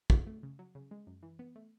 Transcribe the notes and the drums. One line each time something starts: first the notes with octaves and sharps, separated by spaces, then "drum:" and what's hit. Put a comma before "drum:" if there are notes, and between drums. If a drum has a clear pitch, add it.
D3, drum: kick
A3
C#3
F#3
C#3
G#3
F#2
E3
B3
A3